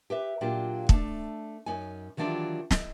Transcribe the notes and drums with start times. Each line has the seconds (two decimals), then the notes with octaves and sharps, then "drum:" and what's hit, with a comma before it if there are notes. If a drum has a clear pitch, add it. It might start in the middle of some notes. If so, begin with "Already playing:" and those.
0.10 G4 B4 E5
0.41 A#2 F#3 D4 F4 G4
0.89 A3 D4, drum: kick
1.66 F#2 C#4 D#4 G#5
2.17 D#3 E3 F#3 D4 F4 G4
2.71 E4 D#5, drum: snare